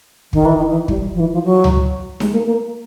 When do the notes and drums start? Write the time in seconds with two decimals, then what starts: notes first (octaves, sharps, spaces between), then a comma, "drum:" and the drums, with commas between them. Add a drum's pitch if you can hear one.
0.33 D#3, drum: kick
0.45 E3
0.57 D#3
0.71 E3
0.88 G3, drum: kick
1.14 F3
1.20 E3
1.33 F3
1.45 F#3
1.64 drum: tom C#2
2.20 G#3, drum: snare D#4
2.33 A#3
2.46 A#3